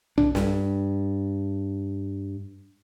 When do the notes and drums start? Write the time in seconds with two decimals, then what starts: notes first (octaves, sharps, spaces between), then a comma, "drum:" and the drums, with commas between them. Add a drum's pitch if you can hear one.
0.18 D4, drum: tom B1
0.35 G2, drum: snare